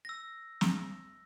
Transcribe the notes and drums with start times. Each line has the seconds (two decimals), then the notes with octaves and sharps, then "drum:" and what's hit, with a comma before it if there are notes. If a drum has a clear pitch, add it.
0.05 E6 A#6
0.61 drum: snare